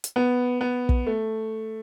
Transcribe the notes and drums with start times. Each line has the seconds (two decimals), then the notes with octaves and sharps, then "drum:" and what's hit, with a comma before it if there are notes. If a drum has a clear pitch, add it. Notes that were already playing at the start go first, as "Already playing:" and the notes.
0.04 drum: hi-hat
0.16 B3
0.61 B3
0.89 drum: kick
1.07 A3